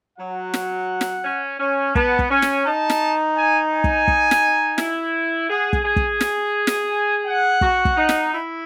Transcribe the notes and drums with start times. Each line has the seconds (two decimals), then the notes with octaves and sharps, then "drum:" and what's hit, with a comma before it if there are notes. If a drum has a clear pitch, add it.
0.18 F#3 F#5
0.54 drum: snare
1.01 drum: snare
1.24 C#4
1.59 C#4
1.95 B3 A5, drum: kick
2.19 drum: kick
2.31 C#4 G#5
2.42 drum: snare
2.66 D#4 A5
2.90 drum: snare
3.37 G#5
3.72 G#5
3.84 drum: kick
4.08 drum: kick
4.31 drum: snare
4.78 E4, drum: snare
5.49 G#4 F#5
5.73 drum: kick
5.85 G#4 G#5
5.96 drum: kick
6.21 G#5, drum: snare
6.67 drum: snare
6.90 G#5
7.26 F#5
7.61 F#4, drum: kick
7.85 drum: kick
7.97 D#4
8.09 drum: snare
8.33 E4